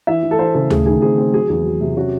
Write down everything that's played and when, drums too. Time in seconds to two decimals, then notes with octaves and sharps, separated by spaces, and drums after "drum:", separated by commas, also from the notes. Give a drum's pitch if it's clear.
0.07 E3 E5
0.23 E3
0.31 A4
0.39 E3 C5
0.55 C#3 A4
0.70 A3 G#4, drum: tom D2
0.86 D#3 G#4
1.02 C4 G#4
1.18 C4
1.33 F#3 G#4
1.49 E2 G#4
1.65 F#3
1.81 C3
1.97 C#4 F#4